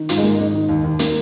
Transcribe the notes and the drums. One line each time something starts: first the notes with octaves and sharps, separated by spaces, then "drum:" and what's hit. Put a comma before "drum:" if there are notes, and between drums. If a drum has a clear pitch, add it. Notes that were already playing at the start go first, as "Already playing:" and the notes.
Already playing: D#3
G#2 F4, drum: hi-hat
G#3
G#2 A#3
D#3 D#4
D#3
D#2
D#2
D#3 A#3, drum: hi-hat